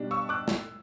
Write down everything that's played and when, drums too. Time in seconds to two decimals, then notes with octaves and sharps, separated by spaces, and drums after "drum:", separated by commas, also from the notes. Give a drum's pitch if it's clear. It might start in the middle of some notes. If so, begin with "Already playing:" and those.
Already playing: B2 G3 D4
0.11 C#6 E6
0.29 D6 F#6
0.48 drum: snare